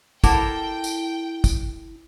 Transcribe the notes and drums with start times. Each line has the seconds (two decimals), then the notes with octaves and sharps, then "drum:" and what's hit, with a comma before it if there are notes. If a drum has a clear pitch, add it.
0.24 E4 A4 A#4 C5 F#5 G5 A5 D6, drum: kick, tambourine
0.84 drum: tambourine
1.44 drum: kick, tambourine